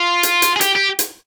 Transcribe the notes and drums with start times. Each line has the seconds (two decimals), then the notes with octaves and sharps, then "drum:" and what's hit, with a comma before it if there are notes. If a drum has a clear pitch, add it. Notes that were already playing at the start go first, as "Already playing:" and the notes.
Already playing: F4
0.23 drum: hi-hat
0.42 drum: hi-hat
0.56 G#4
0.61 G4, drum: hi-hat
0.75 G4
0.99 drum: hi-hat